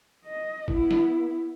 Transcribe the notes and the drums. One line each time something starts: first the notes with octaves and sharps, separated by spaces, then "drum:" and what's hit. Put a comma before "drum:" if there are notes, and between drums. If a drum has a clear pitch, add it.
D#5
B3 E4, drum: kick G1
drum: snare